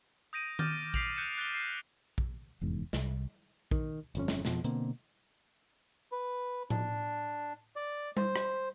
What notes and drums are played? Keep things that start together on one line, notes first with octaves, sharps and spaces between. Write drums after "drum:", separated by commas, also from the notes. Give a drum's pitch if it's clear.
D#6 G6 A#6 D7 D#7
D6 F6 G6 A6, drum: tom D#3
G6 B6 C7 D7 F7 F#7, drum: kick A#1
F#6 G6 C#7 D#7 E7
F#6 A6 C7 G7
C7
drum: kick A#1
F1 E2 G#2
C2, drum: snare
D#3, drum: kick A#1
G1 F2 C#4, drum: hi-hat
drum: snare
F2 B2 F3, drum: snare
B2 D3 A#3 C4, drum: hi-hat
B4
D4, drum: tom A2
D5
C5, drum: tom G3
drum: rim click